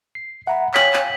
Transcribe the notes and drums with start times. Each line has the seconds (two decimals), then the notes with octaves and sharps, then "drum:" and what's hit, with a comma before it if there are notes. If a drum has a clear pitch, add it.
0.15 C7
0.47 E5 F#5 A#5 B5
0.74 C#5 F5 G5 G#5 B6 F#7, drum: clap
0.93 drum: clap